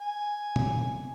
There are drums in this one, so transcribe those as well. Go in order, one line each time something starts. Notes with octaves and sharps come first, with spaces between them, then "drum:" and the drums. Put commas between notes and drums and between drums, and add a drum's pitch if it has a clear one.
G#5
drum: tom